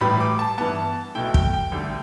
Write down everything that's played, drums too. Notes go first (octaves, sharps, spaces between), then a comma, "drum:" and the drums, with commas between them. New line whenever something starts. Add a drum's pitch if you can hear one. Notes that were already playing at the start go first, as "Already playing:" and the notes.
A1 A2 G3 B5
D6
A5
G2 E3 B3 A5
B1 B2 A3 E4 G5
G5, drum: kick
G5
D2 D3 G3 D4